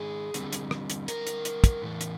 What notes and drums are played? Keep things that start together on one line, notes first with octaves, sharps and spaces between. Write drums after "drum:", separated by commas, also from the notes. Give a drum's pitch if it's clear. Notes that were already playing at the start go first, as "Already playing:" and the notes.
Already playing: D#3 G#3 C#4 G#4
D3 G3 C4, drum: hi-hat
drum: hi-hat
drum: rim click
drum: hi-hat
A#4, drum: hi-hat
drum: hi-hat
drum: hi-hat
drum: kick, hi-hat
A2 E3 A3
drum: hi-hat